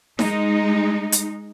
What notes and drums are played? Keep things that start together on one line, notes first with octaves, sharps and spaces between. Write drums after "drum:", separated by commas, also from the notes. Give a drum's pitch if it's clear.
G#3 D#4, drum: snare D#4
drum: hi-hat